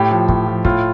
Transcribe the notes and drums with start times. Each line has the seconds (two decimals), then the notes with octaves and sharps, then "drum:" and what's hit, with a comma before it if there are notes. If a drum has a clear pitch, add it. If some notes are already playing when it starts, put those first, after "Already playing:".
Already playing: A2 G4
0.11 F3
0.29 A2, drum: kick
0.47 F3
0.65 A2 F4, drum: kick